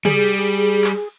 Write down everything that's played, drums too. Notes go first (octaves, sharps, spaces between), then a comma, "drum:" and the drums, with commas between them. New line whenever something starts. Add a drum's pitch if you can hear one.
G3 G#4, drum: tom
drum: cymbal
drum: cymbal
drum: cymbal
drum: clap